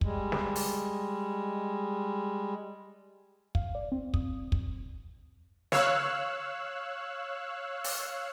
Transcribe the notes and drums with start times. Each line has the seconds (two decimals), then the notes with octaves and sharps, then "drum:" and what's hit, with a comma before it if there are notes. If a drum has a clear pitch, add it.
0.01 G3 G#3, drum: kick
0.32 drum: snare
0.56 drum: open hi-hat
3.55 F5, drum: kick
3.75 D5
3.92 C4
4.14 D#6, drum: kick
4.52 drum: kick
5.72 C#5 F5 E6 F#6, drum: snare
7.84 drum: open hi-hat